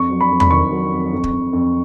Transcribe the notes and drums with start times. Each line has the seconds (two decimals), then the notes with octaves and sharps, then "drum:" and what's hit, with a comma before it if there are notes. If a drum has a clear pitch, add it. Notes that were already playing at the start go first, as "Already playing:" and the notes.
Already playing: F2 C#6
0.10 F#3
0.20 B5
0.30 F2
0.40 B5, drum: tom E2
0.51 D#3 C#6
0.71 F#3
0.92 F2
1.13 F2
1.24 drum: kick
1.33 F2
1.53 F2